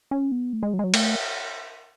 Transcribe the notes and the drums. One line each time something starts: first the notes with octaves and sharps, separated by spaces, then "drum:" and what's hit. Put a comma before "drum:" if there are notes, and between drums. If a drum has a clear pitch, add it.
C#4
B3
A3
G#3
F#3
G#3
F#3
A3, drum: cymbal